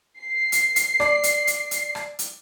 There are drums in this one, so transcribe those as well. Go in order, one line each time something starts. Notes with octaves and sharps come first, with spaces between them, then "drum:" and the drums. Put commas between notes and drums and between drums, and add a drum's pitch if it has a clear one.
C7
drum: hi-hat
drum: hi-hat
D5, drum: rim click
drum: hi-hat
drum: hi-hat
drum: hi-hat
drum: rim click
drum: hi-hat